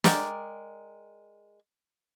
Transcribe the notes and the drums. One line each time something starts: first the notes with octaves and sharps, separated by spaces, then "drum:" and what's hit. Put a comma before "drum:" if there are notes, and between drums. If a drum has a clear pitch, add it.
G#3 A#4 D5 G5, drum: snare